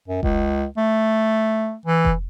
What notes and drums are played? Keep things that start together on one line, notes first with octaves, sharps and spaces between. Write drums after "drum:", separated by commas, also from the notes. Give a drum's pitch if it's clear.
F#2
C#2, drum: kick F1
A3
E3
drum: kick F1